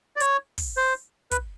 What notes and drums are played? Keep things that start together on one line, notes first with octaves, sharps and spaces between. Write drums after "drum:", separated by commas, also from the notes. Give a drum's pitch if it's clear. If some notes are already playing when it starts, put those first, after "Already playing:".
D5
C#5, drum: hi-hat
drum: kick, open hi-hat
C5
B4, drum: kick, hi-hat